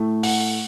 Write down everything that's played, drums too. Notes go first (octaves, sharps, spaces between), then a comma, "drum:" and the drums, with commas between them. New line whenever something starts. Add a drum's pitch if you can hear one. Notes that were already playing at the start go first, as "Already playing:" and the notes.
Already playing: A2 A3
F#5, drum: open hi-hat